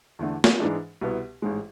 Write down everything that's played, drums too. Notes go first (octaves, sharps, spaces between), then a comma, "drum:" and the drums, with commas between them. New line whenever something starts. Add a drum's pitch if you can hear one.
E2 D3 A3 D4
drum: snare
G#2 E3 G#3 D4
C2 B2 B3 E4
A1 G#2 G#3